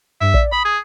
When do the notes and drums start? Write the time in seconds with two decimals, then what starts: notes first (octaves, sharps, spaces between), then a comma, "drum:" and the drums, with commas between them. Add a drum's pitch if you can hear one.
0.21 G2 E5
0.34 D5, drum: kick A#1
0.52 B5 D#6
0.65 G#4